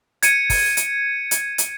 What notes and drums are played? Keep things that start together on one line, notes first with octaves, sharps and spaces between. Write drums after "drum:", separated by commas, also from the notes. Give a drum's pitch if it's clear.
G#6 C#7 D#7, drum: hi-hat
drum: kick, open hi-hat
drum: hi-hat
drum: hi-hat
drum: hi-hat